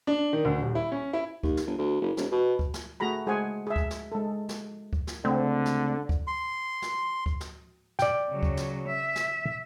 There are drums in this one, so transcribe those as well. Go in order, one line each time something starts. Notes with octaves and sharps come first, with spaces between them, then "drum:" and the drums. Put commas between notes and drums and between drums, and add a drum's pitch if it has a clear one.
D4
D#3
D2
D#1
E4
C#4
E4
D#2, drum: kick D2
drum: snare
G1
D2
F#1
E1, drum: snare
B2
drum: kick D2
drum: snare
A3 F#4 G#4 A#5 B5
G#3 G#4 C5 F#5 G#5
G#4 E5
drum: kick D2
drum: snare
G#3 A4
drum: snare
drum: kick D2
drum: snare
C#2 D3 A3 C4
drum: snare
drum: kick D2
C6
drum: snare
drum: kick D2
drum: snare
D5 G5, drum: snare
C#3 F#3
drum: kick D2
drum: snare
E5
drum: snare